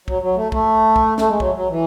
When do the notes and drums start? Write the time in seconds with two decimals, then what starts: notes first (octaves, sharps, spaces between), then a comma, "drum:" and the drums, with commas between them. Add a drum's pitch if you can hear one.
0.08 F#3, drum: kick
0.22 F#3
0.36 A3
0.52 A3, drum: kick
0.96 drum: kick
1.18 A3, drum: snare
1.29 G#3
1.40 F#3, drum: kick
1.55 F#3
1.69 E3